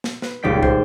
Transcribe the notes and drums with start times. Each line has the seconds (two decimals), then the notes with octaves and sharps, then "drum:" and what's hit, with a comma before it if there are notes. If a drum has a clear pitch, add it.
0.04 drum: snare
0.22 B4, drum: snare
0.43 D#1 C#2 G#3 D5 G5 B6
0.63 C5, drum: kick